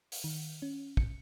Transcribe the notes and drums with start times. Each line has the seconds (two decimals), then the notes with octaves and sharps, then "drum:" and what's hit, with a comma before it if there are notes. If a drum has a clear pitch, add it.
0.12 drum: open hi-hat
0.24 D#3
0.62 C#4
0.97 C#7, drum: kick